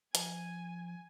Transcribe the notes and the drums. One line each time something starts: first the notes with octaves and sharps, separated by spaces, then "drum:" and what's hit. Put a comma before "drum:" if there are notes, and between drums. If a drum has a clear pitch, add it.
F3 G#5, drum: hi-hat